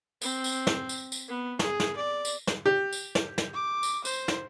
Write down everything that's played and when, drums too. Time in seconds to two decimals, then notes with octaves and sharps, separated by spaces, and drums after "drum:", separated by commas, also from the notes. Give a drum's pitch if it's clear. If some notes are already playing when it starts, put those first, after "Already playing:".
0.22 C4, drum: tambourine
0.44 drum: tambourine
0.67 drum: snare
0.89 drum: tambourine
1.12 drum: tambourine
1.28 B3
1.59 G#4, drum: snare
1.80 drum: snare
1.96 D5
2.25 drum: tambourine
2.47 drum: snare
2.66 G4
2.93 drum: tambourine
3.15 drum: snare
3.38 drum: snare
3.54 D6
3.83 drum: tambourine
4.05 C5, drum: tambourine
4.28 drum: snare